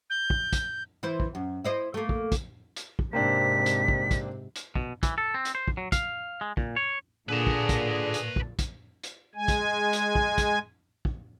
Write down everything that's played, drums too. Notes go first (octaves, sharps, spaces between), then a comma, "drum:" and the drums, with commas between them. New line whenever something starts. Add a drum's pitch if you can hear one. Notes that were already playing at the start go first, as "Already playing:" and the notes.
G6
drum: kick
drum: kick, hi-hat
E3 E4 C5
drum: kick
F#2
E4 C5 D#5
A3 A#3
drum: kick
drum: kick, hi-hat
drum: hi-hat
drum: kick
G#2 C3 A#3 C4 D4 B6
drum: hi-hat
drum: kick
drum: kick, hi-hat
drum: hi-hat
B2, drum: kick
E3, drum: kick, hi-hat
A4
C4
drum: hi-hat
C5
drum: kick
F#3
F5, drum: kick, hi-hat
G#3
A#2, drum: kick
C#5
A#2 D3 D4 G#4 B4 A5
drum: kick
drum: kick, hi-hat
drum: hi-hat
drum: kick
drum: kick, hi-hat
drum: hi-hat
G#3 G#5
drum: kick, hi-hat
drum: hi-hat
drum: kick
drum: kick, hi-hat
drum: kick